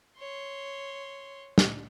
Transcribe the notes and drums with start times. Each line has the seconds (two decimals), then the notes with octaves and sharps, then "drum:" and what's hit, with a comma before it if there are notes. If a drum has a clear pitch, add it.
0.17 C#5 C6
1.58 drum: snare